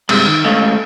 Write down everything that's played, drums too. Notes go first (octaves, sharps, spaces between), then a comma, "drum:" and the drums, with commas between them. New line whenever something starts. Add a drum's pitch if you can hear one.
G2 C3 G#3, drum: cymbal
D#3
G#3 A3 C#4 A4 D#5 F5